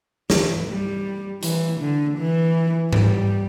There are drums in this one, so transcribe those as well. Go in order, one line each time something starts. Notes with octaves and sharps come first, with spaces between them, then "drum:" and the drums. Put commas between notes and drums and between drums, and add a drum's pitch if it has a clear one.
E3, drum: snare
G3
E3, drum: hi-hat
D3
E3
G3, drum: tom G#2